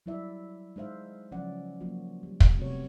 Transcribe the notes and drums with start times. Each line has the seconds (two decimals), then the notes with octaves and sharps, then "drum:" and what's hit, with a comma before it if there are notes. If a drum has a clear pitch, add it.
0.06 F#3 G3 E4 D5 E5
0.76 G#3 D#4 C5 E5 F5
1.32 C#3 F3 F#3 C#4 D5 F#5
1.81 F3 F#3 A#3 F4 F#4
2.23 G3
2.40 drum: kick
2.57 C3 A3 B3 F#4 G4 C#5